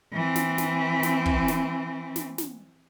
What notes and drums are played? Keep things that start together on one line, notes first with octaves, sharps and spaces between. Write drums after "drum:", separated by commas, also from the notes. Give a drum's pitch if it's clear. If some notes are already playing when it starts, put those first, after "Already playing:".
E3 C4
drum: snare
drum: snare
drum: snare
drum: kick
drum: snare
drum: snare
drum: snare